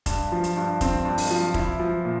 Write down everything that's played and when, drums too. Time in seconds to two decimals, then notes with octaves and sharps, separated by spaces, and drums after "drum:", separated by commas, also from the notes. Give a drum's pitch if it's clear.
0.06 G2, drum: kick F1, hi-hat
0.32 F3
0.44 drum: hi-hat
0.57 G2
0.81 C4, drum: kick F1, hi-hat
1.05 G2
1.18 drum: open hi-hat
1.31 F3
1.54 E4, drum: kick F1
1.80 F3
2.05 A#2